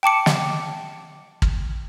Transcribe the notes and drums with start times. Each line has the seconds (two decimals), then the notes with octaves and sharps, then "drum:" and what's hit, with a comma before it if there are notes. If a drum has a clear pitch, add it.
0.03 G5 A5 D6 C#7
0.26 drum: snare
1.42 drum: kick